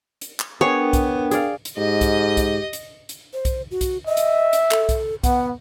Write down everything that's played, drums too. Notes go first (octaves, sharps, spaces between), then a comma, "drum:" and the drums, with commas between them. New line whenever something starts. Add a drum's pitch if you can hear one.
drum: hi-hat
drum: clap
B3 D4 G#4 A#4 C#5 G5
drum: kick B1, hi-hat
G#4 D5 F5, drum: hi-hat
drum: hi-hat
G#2 G4 D#5
drum: kick B1, hi-hat
drum: kick B1, hi-hat
drum: hi-hat
drum: hi-hat
C5
drum: kick B1, hi-hat
F#4
drum: kick B1, hi-hat
D#5 E5
drum: hi-hat
drum: hi-hat
A4, drum: clap
drum: kick B1, hi-hat
B3 F#5, drum: kick B1, hi-hat